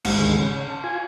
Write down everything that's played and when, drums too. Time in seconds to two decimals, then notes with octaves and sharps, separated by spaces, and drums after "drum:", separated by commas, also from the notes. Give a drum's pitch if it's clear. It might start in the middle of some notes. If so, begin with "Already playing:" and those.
0.04 G#1 G#2 G3, drum: cymbal
0.19 D2 D#3 G#3
0.38 C#3
0.70 A5
0.84 F4 G#5